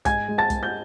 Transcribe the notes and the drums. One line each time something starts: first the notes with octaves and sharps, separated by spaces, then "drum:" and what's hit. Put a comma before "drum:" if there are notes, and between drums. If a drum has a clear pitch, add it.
G#2 G#5 G#6, drum: kick, hi-hat
G#3
A5 A6
G#3, drum: kick, hi-hat
G6